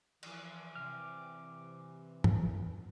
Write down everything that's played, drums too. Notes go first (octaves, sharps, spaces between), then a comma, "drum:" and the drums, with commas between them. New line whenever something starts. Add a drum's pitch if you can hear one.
E3 F3 D6 F#6 C7, drum: cymbal
C3 C4 F6
drum: tom G2